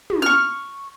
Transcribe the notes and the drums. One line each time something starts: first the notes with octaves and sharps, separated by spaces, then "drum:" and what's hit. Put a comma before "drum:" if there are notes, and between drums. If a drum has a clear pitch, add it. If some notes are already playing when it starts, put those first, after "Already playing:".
drum: tom
C#6 F6